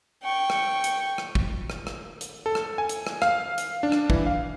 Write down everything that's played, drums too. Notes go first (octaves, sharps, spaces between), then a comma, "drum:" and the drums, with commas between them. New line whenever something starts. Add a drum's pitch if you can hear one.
G5 C#6
drum: rim click
drum: hi-hat
drum: rim click
drum: kick
drum: rim click
drum: rim click
drum: hi-hat
A4
drum: rim click
G#5
drum: hi-hat
drum: rim click
F5, drum: rim click
drum: hi-hat
D4
drum: rim click
E3, drum: kick
F5